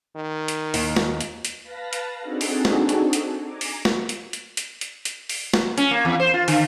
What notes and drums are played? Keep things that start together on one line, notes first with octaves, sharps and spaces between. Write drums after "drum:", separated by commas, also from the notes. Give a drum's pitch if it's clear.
D#3
drum: hi-hat
D#2, drum: open hi-hat
drum: snare
drum: hi-hat
drum: hi-hat
B4 F5 A5 B5 A#6
drum: hi-hat
C4 D4 D#4 F#4 G#4 A4
drum: open hi-hat
drum: snare
drum: hi-hat
drum: hi-hat
G#5 A#5 D6
drum: open hi-hat
drum: snare
drum: hi-hat
drum: hi-hat
drum: hi-hat
drum: hi-hat
drum: hi-hat
drum: open hi-hat
drum: snare
C#4, drum: hi-hat
A#3
E2
C5
F4
D3, drum: open hi-hat